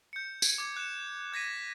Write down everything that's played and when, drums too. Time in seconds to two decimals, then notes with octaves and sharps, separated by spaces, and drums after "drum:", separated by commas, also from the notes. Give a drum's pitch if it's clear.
0.13 G6 C#7
0.42 G#6, drum: tambourine
0.58 D6 G#6
0.76 F#6 C#7 E7
1.33 F#6 G#6 A#6 B6 D#7